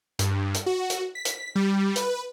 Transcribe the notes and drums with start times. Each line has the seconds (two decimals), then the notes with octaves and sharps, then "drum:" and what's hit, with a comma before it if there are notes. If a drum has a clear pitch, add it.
0.19 G2, drum: hi-hat
0.54 drum: hi-hat
0.66 F#4
0.90 drum: hi-hat
1.15 B6
1.25 drum: hi-hat
1.55 G3
1.96 B4, drum: hi-hat